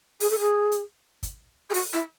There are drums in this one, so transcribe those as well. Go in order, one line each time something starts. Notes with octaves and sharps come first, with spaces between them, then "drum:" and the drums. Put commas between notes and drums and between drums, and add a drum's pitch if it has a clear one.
G#4, drum: open hi-hat
A4
G#4
drum: hi-hat
drum: kick, hi-hat
G#4
F#4, drum: open hi-hat
E4